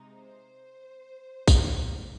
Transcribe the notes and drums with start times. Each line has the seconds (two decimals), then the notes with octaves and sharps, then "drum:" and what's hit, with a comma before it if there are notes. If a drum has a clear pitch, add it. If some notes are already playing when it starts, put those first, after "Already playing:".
Already playing: C3 G#3 D#4
0.12 C5
1.48 C3 D#3 A#3, drum: kick A1, tambourine